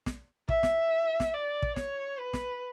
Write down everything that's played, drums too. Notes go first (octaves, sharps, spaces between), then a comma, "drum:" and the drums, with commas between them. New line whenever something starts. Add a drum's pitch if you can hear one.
drum: snare
E5, drum: kick
drum: snare
drum: snare
D5
drum: kick
C#5, drum: snare
B4
drum: snare